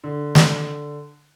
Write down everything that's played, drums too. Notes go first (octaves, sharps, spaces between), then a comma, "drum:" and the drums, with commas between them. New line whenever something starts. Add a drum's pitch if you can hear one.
D3
drum: snare